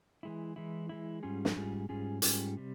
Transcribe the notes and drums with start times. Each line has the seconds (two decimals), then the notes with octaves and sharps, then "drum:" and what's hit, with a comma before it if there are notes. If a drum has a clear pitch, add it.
0.23 E3 G#3 E4
0.56 E3 G#3 E4
0.89 E3 G#3 E4
1.23 G#2 G3 C#4 F4 G#4
1.45 drum: snare
1.56 G#2 G3 C#4 F4 G#4
1.89 G#2 G3 C#4 F4 G#4
2.22 G#2 G3 C#4 F4 G#4, drum: hi-hat
2.57 C3 G3